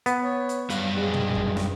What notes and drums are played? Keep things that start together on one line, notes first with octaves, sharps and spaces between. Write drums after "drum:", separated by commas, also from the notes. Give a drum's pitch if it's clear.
B3, drum: hi-hat
C#5
drum: hi-hat
F#2 G3 B4 F5, drum: hi-hat
G#3
drum: tom A#2
drum: kick
drum: snare